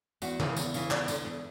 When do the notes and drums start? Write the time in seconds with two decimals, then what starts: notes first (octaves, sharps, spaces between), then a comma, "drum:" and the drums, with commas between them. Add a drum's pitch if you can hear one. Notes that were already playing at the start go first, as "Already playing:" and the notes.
0.22 E2 F#4, drum: tambourine
0.40 C#3 E3, drum: tom D3
0.56 E2, drum: tambourine
0.74 C#3 E3, drum: tambourine
0.91 E2 D5, drum: clap
1.08 D3, drum: tambourine
1.25 E2